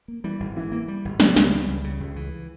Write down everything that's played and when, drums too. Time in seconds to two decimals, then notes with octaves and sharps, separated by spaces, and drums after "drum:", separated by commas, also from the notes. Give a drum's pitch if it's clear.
0.08 A#3
0.24 E3 G3
0.40 G#1
0.56 G#2 E3
0.72 A#3
0.88 G3
1.05 G#1
1.20 C#3 G3, drum: snare
1.36 C#2, drum: snare
1.52 E3
1.68 C#2
1.84 C#3
2.00 C#2
2.16 E3